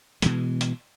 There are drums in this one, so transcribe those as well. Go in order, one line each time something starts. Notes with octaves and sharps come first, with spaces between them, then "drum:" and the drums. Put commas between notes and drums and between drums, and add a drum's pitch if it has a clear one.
B2 E3 G#3, drum: hi-hat
drum: hi-hat